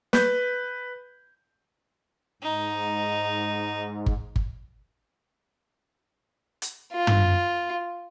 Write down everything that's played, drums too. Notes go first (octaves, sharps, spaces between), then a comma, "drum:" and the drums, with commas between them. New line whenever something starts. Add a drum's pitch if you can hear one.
B4 G6, drum: snare
G#2 D#4
drum: kick G1
drum: kick G1
drum: hi-hat
F4
drum: tom